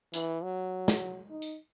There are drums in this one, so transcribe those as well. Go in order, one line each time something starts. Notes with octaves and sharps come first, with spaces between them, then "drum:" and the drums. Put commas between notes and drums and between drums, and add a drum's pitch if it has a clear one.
E3, drum: hi-hat
F#3
drum: snare
D#4
drum: tambourine